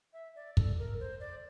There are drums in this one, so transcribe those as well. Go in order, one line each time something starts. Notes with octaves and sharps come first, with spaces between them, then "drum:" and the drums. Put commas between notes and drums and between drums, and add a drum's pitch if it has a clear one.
E5
D5
A4, drum: kick
A#4
C5
D5